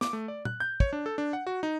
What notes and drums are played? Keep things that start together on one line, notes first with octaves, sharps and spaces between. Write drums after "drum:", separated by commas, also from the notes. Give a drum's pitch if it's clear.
D6, drum: snare
A3
D5
F#6, drum: tom A#2
G6
C#5, drum: kick
D4
A4
D4
F#5
F#4
D#4